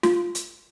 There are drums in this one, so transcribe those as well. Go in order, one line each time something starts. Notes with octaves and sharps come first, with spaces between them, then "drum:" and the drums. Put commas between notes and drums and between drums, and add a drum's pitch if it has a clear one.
F4, drum: snare
drum: hi-hat